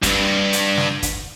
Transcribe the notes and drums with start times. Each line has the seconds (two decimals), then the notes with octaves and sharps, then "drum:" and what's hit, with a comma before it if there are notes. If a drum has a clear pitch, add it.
0.03 C2 G2, drum: kick, hi-hat
0.53 drum: hi-hat
0.78 drum: snare
1.02 drum: kick, hi-hat